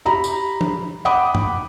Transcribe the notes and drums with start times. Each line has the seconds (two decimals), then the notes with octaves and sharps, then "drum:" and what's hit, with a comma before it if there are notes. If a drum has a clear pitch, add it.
0.05 G4 A#5 B5
0.24 drum: tambourine
0.61 drum: tom
1.05 F#5 G5 B5 D6 D#6
1.35 drum: tom